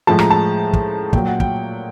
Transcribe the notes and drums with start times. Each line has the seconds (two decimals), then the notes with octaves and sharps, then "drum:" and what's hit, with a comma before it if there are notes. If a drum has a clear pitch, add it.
0.07 A2 F3 G#3 A5
0.19 A#5, drum: rim click
0.30 A5
0.73 drum: kick
1.13 A#2 F#3 G5, drum: kick
1.27 F#5
1.40 G5, drum: kick